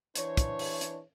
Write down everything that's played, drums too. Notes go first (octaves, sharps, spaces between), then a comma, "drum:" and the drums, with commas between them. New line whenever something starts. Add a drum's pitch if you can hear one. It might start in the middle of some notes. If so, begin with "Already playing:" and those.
E3 D4 C5 C#5, drum: hi-hat
drum: kick, hi-hat
drum: open hi-hat
drum: hi-hat